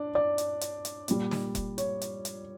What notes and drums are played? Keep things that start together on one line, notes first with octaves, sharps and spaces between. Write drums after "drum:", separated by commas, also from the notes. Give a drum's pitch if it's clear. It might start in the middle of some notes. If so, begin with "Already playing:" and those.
Already playing: D4 D5
D5
drum: hi-hat
drum: hi-hat
drum: hi-hat
A#2 G3, drum: hi-hat
drum: snare
drum: kick F1, hi-hat
C#5, drum: hi-hat
drum: hi-hat
drum: hi-hat